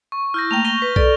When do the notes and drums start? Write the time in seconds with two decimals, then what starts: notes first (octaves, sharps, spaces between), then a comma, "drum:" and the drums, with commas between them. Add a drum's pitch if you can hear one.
0.12 C#6
0.34 E4 F6 G6 A#6
0.51 A3 A#3 G5 A#6 F7
0.65 C#6 A#6 D#7 G7
0.82 B4
0.96 A4 D5, drum: kick